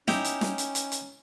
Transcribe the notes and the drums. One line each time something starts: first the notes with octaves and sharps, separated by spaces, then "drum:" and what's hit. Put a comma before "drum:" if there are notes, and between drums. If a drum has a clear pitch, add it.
C#4 D#4 E4 G4, drum: snare
drum: hi-hat
drum: snare
drum: hi-hat
drum: hi-hat
drum: hi-hat